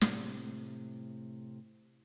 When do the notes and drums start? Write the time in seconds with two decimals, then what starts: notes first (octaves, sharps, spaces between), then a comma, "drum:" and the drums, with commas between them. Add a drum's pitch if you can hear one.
0.01 A2 C3, drum: snare